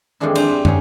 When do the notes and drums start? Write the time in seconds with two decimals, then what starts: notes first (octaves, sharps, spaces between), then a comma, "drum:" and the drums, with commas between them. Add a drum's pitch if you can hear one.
0.20 F2 D#3 E3 G#3 D4 E4
0.35 D4 C5, drum: cymbal
0.48 G2
0.65 G#2 C#4 G#4, drum: tom